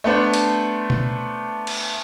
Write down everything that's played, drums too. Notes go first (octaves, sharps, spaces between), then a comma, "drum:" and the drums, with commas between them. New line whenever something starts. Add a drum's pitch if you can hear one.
A3 B3 D4 C5
drum: hi-hat
drum: tom B2
drum: cymbal